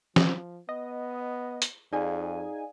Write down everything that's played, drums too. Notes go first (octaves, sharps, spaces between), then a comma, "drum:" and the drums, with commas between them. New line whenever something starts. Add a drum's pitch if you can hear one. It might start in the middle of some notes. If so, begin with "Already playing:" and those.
F3, drum: snare
B3 D#5
drum: hi-hat
F2 D#4 G#4 D5 F5 G#5